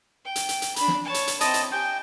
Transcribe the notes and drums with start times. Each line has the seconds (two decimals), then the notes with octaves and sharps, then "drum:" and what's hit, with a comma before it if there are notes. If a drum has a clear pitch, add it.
0.25 G5
0.36 drum: hi-hat
0.49 drum: hi-hat
0.62 drum: hi-hat
0.76 D4 B5, drum: hi-hat
0.88 drum: snare
1.05 C#5 A5
1.14 drum: hi-hat
1.27 drum: hi-hat
1.41 C4 E4 D#5 A5 D#6, drum: hi-hat
1.54 drum: hi-hat
1.72 G4 G5 G#5